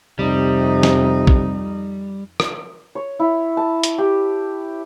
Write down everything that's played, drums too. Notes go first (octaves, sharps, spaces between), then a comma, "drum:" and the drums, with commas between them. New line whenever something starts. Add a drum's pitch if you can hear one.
F2 C3 G3 D#4
drum: snare
drum: kick
drum: rim click
C#5
E4
A5
drum: hi-hat
G4